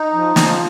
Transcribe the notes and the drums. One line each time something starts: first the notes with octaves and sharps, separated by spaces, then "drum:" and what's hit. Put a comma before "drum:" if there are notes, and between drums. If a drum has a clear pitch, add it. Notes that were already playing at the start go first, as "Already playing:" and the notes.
Already playing: D#4
F3
F3, drum: snare